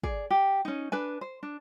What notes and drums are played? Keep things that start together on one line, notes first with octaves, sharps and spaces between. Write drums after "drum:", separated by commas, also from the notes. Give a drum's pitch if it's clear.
G#4 D5, drum: kick
G4
C#4 D#4
D4 B4 G#5
C5
D4